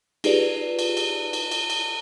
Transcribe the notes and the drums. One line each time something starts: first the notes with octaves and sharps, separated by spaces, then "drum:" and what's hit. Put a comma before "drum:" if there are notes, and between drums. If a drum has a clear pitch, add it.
D#4 F4 G4 G#4 B4 D5, drum: cymbal
drum: cymbal
drum: cymbal
drum: cymbal
drum: cymbal
drum: cymbal